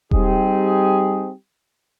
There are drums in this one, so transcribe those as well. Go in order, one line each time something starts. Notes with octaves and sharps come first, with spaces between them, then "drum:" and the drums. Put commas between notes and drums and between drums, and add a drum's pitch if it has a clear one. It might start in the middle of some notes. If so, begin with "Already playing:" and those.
G3 C4 D#4 G4 G#4, drum: kick E1